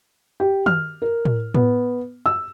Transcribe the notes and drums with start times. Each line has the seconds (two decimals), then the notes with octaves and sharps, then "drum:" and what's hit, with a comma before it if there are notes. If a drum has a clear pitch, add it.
0.40 G4
0.66 F6, drum: tom D#3
1.02 A#4
1.25 drum: tom A2
1.55 B3, drum: tom A2
2.26 E6